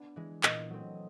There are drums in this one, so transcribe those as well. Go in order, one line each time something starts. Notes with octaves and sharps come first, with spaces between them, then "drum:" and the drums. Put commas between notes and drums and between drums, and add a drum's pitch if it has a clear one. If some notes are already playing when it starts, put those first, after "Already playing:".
Already playing: B3 D4
E3 G#3
A#2 D#5, drum: clap
F#3 A3 C4